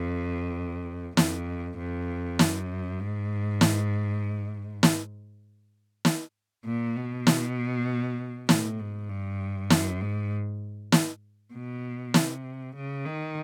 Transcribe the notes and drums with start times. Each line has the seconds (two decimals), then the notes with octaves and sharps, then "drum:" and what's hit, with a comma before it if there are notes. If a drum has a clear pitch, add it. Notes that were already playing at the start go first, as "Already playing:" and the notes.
Already playing: F2
1.17 F2, drum: snare
1.78 F2
2.39 F#2, drum: snare
3.00 G#2
3.61 drum: snare
4.83 drum: snare
6.05 drum: snare
6.65 A#2
6.96 B2
7.27 drum: snare
8.49 A2, drum: snare
8.79 G#2
9.10 G2
9.70 F#2, drum: snare
10.01 G#2
10.92 drum: snare
11.53 B2
12.14 C3, drum: snare
12.75 C#3
13.05 D#3